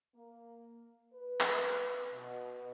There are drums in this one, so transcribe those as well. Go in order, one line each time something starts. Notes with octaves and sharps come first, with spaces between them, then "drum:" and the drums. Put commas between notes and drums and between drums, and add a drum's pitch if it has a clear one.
A#3
B4
drum: clap
B2